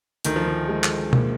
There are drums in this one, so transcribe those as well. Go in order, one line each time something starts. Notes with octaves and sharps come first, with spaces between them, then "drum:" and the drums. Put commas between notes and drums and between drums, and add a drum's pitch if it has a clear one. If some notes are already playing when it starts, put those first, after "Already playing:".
D2 D#3, drum: hi-hat
F3
D#3
G#3
drum: clap
A#3, drum: tom B2